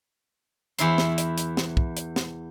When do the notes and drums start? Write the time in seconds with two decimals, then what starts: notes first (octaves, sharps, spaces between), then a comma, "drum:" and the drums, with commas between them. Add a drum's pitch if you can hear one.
0.79 E2 E4 C6, drum: hi-hat
0.98 drum: snare
1.18 drum: hi-hat
1.38 drum: hi-hat
1.57 drum: snare
1.77 drum: kick
1.97 drum: hi-hat
2.16 drum: snare